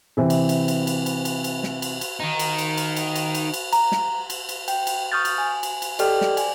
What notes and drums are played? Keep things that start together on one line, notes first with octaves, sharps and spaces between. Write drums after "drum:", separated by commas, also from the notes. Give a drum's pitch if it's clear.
C3 E3 C4
drum: cymbal
drum: cymbal
drum: cymbal
drum: cymbal
drum: cymbal
drum: cymbal
drum: cymbal
drum: snare
drum: cymbal
drum: cymbal
D#3 D#4
drum: cymbal
drum: cymbal
drum: cymbal
drum: cymbal
drum: cymbal
drum: cymbal
drum: cymbal
A#5, drum: cymbal
drum: snare
drum: cymbal
drum: cymbal
G5, drum: cymbal
drum: cymbal
C#6 D#6 F6 G6 A6
drum: cymbal
G#5
drum: cymbal
drum: cymbal
G4 A4 D5 D#5 G5 F6, drum: cymbal
D5, drum: snare
G#5, drum: cymbal